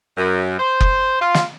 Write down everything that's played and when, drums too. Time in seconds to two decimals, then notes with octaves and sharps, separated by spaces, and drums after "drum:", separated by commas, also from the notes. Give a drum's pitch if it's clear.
0.18 F#2
0.60 C5
0.81 drum: kick F#1
1.21 F4
1.34 drum: snare